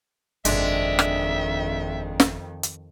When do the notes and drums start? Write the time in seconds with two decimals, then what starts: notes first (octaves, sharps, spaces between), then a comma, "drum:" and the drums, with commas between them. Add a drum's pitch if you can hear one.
0.45 G1 F2 D#3 G#3 D4 E5, drum: hi-hat
0.99 drum: rim click
2.20 drum: snare
2.63 drum: hi-hat